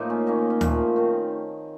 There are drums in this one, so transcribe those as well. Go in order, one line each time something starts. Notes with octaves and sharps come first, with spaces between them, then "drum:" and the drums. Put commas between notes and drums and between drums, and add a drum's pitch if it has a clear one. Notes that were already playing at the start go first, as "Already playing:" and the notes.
Already playing: A2 F3 A#3 D#4
C#4 F4
D#3 A#3 C#4 D#4
C#4
A#2 F3 A3, drum: tom D2
D#3 A3 C4